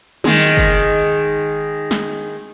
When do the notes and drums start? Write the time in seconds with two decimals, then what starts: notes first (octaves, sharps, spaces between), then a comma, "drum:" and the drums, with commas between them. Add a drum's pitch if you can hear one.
0.24 D#3 G#3, drum: tom
0.57 drum: kick
1.91 drum: snare